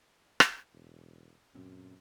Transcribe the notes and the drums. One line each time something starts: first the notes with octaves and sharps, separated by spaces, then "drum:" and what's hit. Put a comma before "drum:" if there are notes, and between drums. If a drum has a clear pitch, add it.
drum: rim click
E1
F#2 A#2 C4 C#4